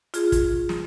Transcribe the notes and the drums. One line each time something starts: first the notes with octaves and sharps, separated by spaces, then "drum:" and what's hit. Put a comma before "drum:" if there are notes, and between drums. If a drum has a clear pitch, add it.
F4 G#4, drum: hi-hat
drum: kick, hi-hat
drum: snare